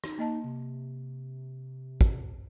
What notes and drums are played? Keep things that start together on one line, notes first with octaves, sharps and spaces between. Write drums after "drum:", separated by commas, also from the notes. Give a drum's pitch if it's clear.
D#4, drum: rim click
A#3 D#5 A5
C3
drum: kick